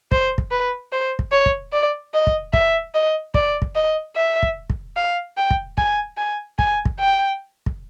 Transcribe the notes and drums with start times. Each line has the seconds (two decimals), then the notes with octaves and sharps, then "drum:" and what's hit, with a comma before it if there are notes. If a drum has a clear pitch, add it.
0.12 C5, drum: kick
0.38 drum: kick
0.51 B4
0.92 C5
1.19 drum: kick
1.32 C#5
1.46 drum: kick
1.73 D5
2.14 D#5
2.27 drum: kick
2.53 E5, drum: kick
2.94 D#5
3.34 D5, drum: kick
3.62 drum: kick
3.75 D#5
4.16 E5
4.43 drum: kick
4.70 drum: kick
4.96 F5
5.37 G5
5.51 drum: kick
5.78 G#5, drum: kick
6.17 G#5
6.59 G#5, drum: kick
6.85 drum: kick
6.99 G5
7.66 drum: kick